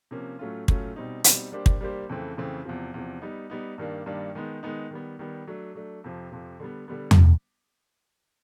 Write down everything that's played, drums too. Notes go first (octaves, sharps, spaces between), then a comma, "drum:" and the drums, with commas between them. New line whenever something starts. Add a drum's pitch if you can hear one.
C3 F3 A#3 C#4
A2 F#3 A3 C#4 F4
A2 F#3 A3 C#4 F4, drum: kick
B2 G3 C4 D#4
B2 G3 C4 D#4, drum: hi-hat
G3 A#3 D4 G4 C5
drum: kick
G3 A#3 D4 G4 C5
F2 C#3 E3 A3 C4
F2 C#3 E3 A3 C4
E2 C3 F3
E2 C3 F3
G3 B3 D#4
G3 B3 D#4
G2 D#3 G3 A#3 D4
G2 D#3 G3 A#3 D4
D#3 G#3 B3 D#4
D#3 G#3 B3 D#4
D#3 G3 B3
D#3 G3 B3
F#3 A3 D4
F#3 A3 D4
F2 C3 F3
F2 C3 F3
D3 G3 B3
D3 G3 B3
drum: tom E2